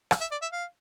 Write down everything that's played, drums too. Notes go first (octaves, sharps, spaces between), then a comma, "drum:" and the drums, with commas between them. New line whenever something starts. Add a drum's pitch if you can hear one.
drum: rim click
E5
D5
E5
F5